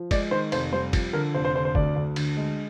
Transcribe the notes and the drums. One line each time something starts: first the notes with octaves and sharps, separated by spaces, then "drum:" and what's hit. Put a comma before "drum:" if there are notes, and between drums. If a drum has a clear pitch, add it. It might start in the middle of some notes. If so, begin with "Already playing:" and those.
Already playing: F3
G#3 D5, drum: kick F#1, cymbal
D#3 C5
F1 C5, drum: cymbal
G3 C5
F3, drum: kick F#1, cymbal
D3 A#4
F1 C5
C5
D3 C5
C5
D2 D5, drum: kick F#1
D2
D3, drum: cymbal
G#3